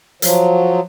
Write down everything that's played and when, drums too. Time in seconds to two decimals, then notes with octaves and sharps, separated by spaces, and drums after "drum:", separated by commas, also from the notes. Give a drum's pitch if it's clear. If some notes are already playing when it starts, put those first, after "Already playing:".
0.22 F3 F#3, drum: hi-hat